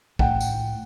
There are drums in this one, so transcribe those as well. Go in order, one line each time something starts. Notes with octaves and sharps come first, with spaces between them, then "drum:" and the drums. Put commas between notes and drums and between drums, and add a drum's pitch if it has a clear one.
A2 F#5 G5, drum: kick
drum: tambourine